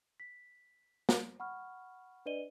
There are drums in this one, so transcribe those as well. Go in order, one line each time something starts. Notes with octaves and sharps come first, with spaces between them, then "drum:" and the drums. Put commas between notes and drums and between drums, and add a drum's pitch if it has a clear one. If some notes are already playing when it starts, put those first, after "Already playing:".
B6
drum: snare
F#5 B5 C#6 F6
D4 B4 D5 D#5 D#7 G7